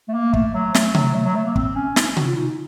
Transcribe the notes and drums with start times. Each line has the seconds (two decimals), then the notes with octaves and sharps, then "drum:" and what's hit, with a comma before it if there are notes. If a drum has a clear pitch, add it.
0.09 A3
0.14 A#3
0.34 A3, drum: kick
0.54 F#3
0.74 A3, drum: snare
0.95 F#3, drum: tom C3
1.15 A3
1.25 F#3
1.36 A3
1.45 A#3
1.56 C4, drum: kick
1.76 C#4
1.96 D#4, drum: snare
2.17 F#4, drum: tom C3
2.26 F4
2.37 D#4